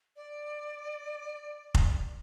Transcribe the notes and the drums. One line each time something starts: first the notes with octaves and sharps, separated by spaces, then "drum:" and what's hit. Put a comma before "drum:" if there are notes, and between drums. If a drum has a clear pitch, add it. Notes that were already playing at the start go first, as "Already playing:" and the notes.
D5
drum: kick F1